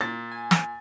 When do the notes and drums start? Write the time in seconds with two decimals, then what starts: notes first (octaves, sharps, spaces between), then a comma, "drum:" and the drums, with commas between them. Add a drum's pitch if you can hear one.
0.01 A#2 A6
0.32 G#5
0.51 drum: snare